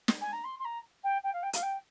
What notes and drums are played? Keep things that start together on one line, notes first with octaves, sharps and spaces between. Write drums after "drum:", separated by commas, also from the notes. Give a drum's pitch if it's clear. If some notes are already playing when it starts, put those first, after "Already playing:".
drum: snare
G#5
A#5
C6
C6
A#5
G5
G5
F5
G5
F5, drum: hi-hat
G5